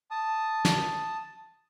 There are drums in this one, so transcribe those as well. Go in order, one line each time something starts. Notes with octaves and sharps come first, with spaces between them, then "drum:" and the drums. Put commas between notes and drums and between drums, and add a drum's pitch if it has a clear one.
A5 D#6
drum: snare